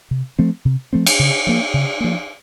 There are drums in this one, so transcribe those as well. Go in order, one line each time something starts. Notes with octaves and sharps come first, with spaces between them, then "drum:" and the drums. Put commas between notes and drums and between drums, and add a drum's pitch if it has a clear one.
C3
F3 A3 C4
C3
F3 A3 C4
drum: cymbal
C#3
F3 A#3
C#3
F3 A#3